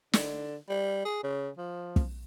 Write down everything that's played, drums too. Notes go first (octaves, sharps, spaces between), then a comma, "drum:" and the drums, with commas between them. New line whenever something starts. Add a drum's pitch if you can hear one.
D3, drum: snare
G3
G#4
C#3
F3
drum: kick